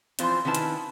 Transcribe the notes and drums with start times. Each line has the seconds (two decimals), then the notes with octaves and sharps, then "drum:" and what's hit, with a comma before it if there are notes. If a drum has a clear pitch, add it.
0.19 E3 F3 C4 F4 C5, drum: hi-hat
0.45 D#3 C#4 E4 B4 A5
0.55 drum: hi-hat